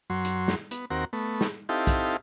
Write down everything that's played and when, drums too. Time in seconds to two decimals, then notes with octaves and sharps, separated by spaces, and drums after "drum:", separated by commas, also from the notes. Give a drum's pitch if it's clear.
0.10 F#2 F#3 C6
0.25 drum: hi-hat
0.48 drum: snare
0.71 B3, drum: hi-hat
0.90 D#2 C4 F#4 A#4
1.13 A3 B3
1.41 drum: snare
1.69 C4 D#4 E4 G4 A4 F5
1.87 drum: kick, hi-hat